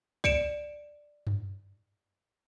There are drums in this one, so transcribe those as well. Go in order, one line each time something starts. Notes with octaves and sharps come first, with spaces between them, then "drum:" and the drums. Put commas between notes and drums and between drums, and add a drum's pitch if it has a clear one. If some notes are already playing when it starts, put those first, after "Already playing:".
D5 C#7 D7 E7, drum: kick C2
drum: tom F#2